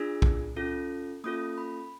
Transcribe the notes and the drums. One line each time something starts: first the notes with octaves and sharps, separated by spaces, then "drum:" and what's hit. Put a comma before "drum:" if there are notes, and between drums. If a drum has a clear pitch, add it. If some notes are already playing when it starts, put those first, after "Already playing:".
Already playing: D4 F4 G#4 E6
drum: kick A#1
C#4 F4 A4
A#3 C#4 F4 A4 D#6
B5